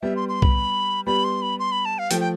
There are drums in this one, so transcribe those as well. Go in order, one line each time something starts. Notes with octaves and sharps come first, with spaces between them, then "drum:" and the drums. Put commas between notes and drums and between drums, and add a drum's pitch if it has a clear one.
G3 B3 E5
C6
C6
B5, drum: kick B1
G3 B3 B5
C6
B5
C6
B5
A5
F5
F3 A3 G5, drum: hi-hat
G5